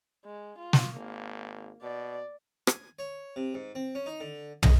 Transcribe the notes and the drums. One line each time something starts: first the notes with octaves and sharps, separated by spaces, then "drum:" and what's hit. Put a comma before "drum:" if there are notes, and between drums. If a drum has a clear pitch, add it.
G#3
F4
drum: snare
G#1 A#3
B2 D5
G#5, drum: rim click
C#5
C3
G#2
C4
C#4
D#4
D3
D#5, drum: tom